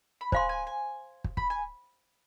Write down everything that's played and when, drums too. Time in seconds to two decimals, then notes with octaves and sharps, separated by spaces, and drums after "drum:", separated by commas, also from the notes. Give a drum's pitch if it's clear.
0.21 B5
0.32 C5 F5 G#5 C6, drum: kick
0.49 G#5
0.67 G#5
1.24 drum: kick
1.37 B5, drum: kick
1.50 G#5